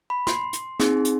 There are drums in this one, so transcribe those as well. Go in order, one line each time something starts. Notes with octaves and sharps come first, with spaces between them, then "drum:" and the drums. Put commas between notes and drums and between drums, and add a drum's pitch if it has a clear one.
B5
C6, drum: snare
drum: hi-hat
C4 D#4 G#4, drum: snare
drum: hi-hat